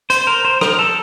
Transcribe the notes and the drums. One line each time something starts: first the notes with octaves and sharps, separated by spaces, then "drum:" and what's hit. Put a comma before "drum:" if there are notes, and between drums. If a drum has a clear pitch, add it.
C5, drum: hi-hat
A#4
C5
A#4, drum: rim click
A4